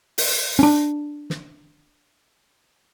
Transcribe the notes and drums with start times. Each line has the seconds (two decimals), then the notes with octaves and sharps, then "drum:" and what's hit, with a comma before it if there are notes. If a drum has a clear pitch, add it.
0.18 drum: open hi-hat
0.59 C#4 D4
1.30 drum: snare